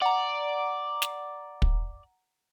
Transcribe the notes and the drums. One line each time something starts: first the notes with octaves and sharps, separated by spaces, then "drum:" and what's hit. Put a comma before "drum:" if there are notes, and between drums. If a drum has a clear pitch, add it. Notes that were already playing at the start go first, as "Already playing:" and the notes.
D5 F#5 A#5
drum: snare
drum: kick